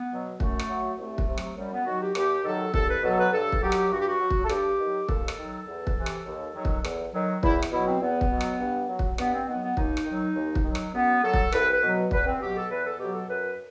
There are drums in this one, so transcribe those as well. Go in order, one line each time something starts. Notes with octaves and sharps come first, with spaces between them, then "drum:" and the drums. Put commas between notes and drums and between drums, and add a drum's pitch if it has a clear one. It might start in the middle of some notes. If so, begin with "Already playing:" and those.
Already playing: B3
B2 F#3
F#2 A3, drum: kick
drum: rim click
F#3
C2 A3
drum: kick
C3 F#3
drum: rim click
F#2 G3
B3
D#3 F#3 F#4
G4
D#2 G4, drum: rim click
D#3 F#3 A4
C2 A4, drum: kick
B4
B2 F#3 A4
B4
G2 A4
drum: kick
D#3 F#3 G4
drum: rim click
G2 F#4
G4
F#4
F#3
drum: kick
A4
G2 G4, drum: rim click
D#3 F#3
D#2 A4, drum: kick
drum: rim click
D#3 F#3
E2
drum: kick
C3 E3
drum: rim click
D#2
D#3 F#3
drum: kick
E2, drum: rim click
D#3 F#3
E2 E4, drum: kick
drum: rim click
B2 F#3 E4
C4
E2 B3
drum: kick
B2 F#3
drum: rim click
G2
F#3
drum: kick
G2 B3, drum: rim click
C4
D#3 F#3 B3
B3
D#2 D#4, drum: kick
drum: rim click
D#3 F#3
D#2
drum: kick
D#3 F#3
drum: rim click
F#2 B3
F#3 A4
drum: kick
C2 B4, drum: rim click
B4
B2 F#3
E2 B4, drum: kick
C4
B2 F#3 G4
A4
E2 B4
A4
B2 F#3 G4
A4
F#2 B4